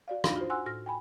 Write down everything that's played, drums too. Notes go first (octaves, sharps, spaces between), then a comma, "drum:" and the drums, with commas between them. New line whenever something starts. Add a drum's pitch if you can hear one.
F#4 D5 F5
D4 D#4 F4 F5 B5, drum: rim click
F4 F#4 C5
F#5 G#5 C6 E6 F#6
A2 F#4 F6 A#6
G5 G#5 B5